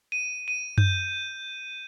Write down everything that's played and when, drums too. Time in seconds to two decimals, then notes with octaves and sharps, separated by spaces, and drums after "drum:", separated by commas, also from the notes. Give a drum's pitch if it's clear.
0.12 D#7
0.48 D#7
0.78 G6, drum: tom F#2